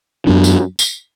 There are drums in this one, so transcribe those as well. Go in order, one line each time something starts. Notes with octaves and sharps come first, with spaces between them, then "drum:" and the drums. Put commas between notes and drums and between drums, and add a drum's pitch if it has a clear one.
F#2 F#3 B3 D4
drum: tambourine
drum: tambourine